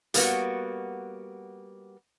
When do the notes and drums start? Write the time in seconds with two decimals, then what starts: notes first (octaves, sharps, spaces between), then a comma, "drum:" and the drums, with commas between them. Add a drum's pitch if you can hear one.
0.14 G3 A#3 B3 F#4, drum: hi-hat